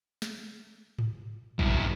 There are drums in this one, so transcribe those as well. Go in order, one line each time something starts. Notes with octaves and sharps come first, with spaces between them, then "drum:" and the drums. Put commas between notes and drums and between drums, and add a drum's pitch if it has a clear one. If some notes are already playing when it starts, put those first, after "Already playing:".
drum: snare
drum: tom G#2
B1 G2 E4, drum: kick